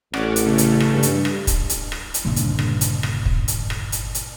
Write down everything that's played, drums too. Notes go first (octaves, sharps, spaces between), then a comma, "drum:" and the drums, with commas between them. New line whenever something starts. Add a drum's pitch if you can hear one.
A1 C#4 D5 F#5, drum: rim click
drum: hi-hat
C#3 A3
drum: hi-hat
drum: rim click
G2
drum: hi-hat
drum: rim click
drum: kick, hi-hat
drum: hi-hat
drum: rim click
drum: hi-hat
G1 D#2 A#2 C#3 G3
drum: hi-hat
drum: rim click
drum: hi-hat
drum: rim click
drum: kick
drum: hi-hat
drum: rim click
drum: hi-hat
drum: hi-hat